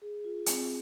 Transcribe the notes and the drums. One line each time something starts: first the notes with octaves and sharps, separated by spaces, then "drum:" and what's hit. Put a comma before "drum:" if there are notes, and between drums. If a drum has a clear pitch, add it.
G#4
F4
C4, drum: hi-hat